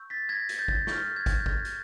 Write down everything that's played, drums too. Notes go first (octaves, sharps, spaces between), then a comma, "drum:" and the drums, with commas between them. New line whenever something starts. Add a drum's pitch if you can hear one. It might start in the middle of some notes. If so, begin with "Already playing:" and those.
Already playing: C#6 E6 G6
A6 B6
G#6 A#6
drum: hi-hat
G6 A6
drum: kick
C#6 F6 G6, drum: snare
G#6
drum: kick, hi-hat
G6
G#6, drum: kick
drum: hi-hat